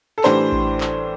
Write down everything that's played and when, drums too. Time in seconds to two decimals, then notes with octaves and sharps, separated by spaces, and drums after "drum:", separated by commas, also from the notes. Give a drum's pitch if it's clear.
0.18 A4
0.24 A2 E3 G3 D4 C5, drum: clap
0.52 drum: kick A1
0.81 drum: clap